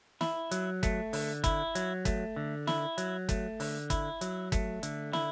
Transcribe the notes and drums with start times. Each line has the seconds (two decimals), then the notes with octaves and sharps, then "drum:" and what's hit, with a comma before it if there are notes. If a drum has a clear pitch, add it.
0.21 E4, drum: snare
0.51 F#3, drum: hi-hat
0.83 A3, drum: kick, hi-hat
1.13 D3, drum: open hi-hat
1.44 E4, drum: kick, hi-hat
1.75 F#3, drum: hi-hat
2.05 A3, drum: kick, hi-hat
2.36 D3
2.67 E4, drum: snare
2.98 F#3, drum: hi-hat
3.29 A3, drum: kick, hi-hat
3.60 D3, drum: open hi-hat
3.90 E4, drum: kick, hi-hat
4.21 F#3, drum: hi-hat
4.52 A3, drum: kick, hi-hat
4.83 D3, drum: hi-hat
5.13 E4, drum: snare